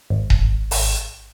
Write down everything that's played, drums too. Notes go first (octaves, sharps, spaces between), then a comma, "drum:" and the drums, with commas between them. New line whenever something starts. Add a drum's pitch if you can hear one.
G#1
drum: kick D#1
drum: open hi-hat